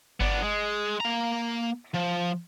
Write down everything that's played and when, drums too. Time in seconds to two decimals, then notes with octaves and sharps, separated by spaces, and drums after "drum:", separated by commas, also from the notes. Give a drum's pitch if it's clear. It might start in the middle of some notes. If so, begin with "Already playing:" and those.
0.20 B3 D4, drum: kick G1
0.43 G#3
1.00 A#3 A#5
1.94 F3